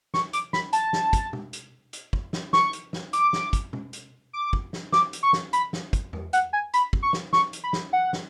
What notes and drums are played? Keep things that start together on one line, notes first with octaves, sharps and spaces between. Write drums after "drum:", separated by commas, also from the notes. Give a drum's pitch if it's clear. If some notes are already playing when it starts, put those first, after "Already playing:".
C#6, drum: snare
D6, drum: hi-hat
B5, drum: snare
A5, drum: hi-hat
drum: snare
drum: kick, hi-hat
drum: tom B2
drum: hi-hat
drum: hi-hat
drum: kick
drum: snare
C#6, drum: snare
drum: hi-hat
drum: snare
D6, drum: hi-hat
drum: snare
drum: kick, hi-hat
drum: tom B2
drum: hi-hat
D6
drum: kick
drum: snare
D6, drum: snare
drum: hi-hat
C#6
drum: snare
B5, drum: hi-hat
drum: snare
drum: kick, hi-hat
drum: tom E2
F#5, drum: hi-hat
G#5
B5, drum: hi-hat
drum: kick
C#6
drum: snare
C#6, drum: snare
drum: hi-hat
B5
drum: snare
F#5
drum: snare